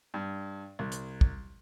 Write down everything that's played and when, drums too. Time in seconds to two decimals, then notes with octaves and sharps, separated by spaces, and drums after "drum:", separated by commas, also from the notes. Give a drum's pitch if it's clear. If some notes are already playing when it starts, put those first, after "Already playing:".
0.14 G2
0.79 C2
0.92 drum: hi-hat
1.21 drum: kick